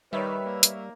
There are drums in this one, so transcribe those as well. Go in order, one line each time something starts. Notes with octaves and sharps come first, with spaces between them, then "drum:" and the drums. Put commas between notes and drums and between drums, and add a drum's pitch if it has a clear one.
D#3 G3 B4 C#5 E5
A#3
drum: hi-hat